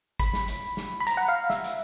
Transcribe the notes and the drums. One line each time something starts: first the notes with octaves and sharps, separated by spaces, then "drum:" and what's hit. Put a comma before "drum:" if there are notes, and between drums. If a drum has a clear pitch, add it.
B5, drum: kick, hi-hat
drum: snare
drum: hi-hat
drum: snare
B5
A#5, drum: hi-hat
F#5
F5
E5, drum: snare
drum: hi-hat